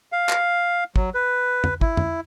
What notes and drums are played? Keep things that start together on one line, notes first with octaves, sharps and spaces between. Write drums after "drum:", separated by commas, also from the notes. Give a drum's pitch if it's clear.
F5
drum: clap
F#3, drum: kick
B4
drum: tom F2
E4, drum: kick
drum: tom F2